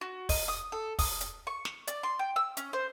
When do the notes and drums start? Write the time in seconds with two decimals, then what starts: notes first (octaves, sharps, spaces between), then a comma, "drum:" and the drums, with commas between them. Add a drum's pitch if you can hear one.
0.01 F#4
0.29 D#5, drum: kick, open hi-hat
0.48 D#6
0.72 A4
0.99 D#6, drum: kick, open hi-hat
1.21 drum: hi-hat
1.47 C#6
1.65 drum: snare
1.87 D5, drum: hi-hat
2.03 C6
2.19 G5
2.36 E6
2.57 C#4, drum: hi-hat
2.73 C5